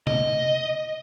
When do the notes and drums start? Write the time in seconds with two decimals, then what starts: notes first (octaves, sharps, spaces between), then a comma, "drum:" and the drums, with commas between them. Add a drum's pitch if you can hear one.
0.07 D#5, drum: tom C3